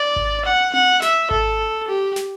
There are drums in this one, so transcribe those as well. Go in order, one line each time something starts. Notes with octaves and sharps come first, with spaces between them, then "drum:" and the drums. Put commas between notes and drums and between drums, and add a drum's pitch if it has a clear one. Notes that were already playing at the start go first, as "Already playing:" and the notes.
Already playing: D5
drum: kick G#1
F#5
F#5, drum: tom C4
E5, drum: snare
A4, drum: kick G#1
G4
drum: snare